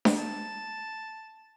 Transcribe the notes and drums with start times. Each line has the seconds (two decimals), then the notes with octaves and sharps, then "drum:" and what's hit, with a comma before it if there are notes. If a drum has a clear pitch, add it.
0.05 drum: snare D4
0.16 A5